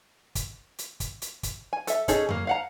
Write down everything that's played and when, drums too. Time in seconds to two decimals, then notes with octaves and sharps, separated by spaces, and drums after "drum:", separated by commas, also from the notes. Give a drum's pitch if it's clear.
0.35 drum: kick, hi-hat
0.78 drum: hi-hat
1.00 drum: kick, hi-hat
1.22 drum: hi-hat
1.43 drum: kick, hi-hat
1.73 G#5
1.87 A4 E5, drum: hi-hat
2.08 C#4 D#4 G#4 A4 C#5, drum: kick, hi-hat
2.29 F#3 A#3, drum: tom F2
2.47 F5 F#5 A#5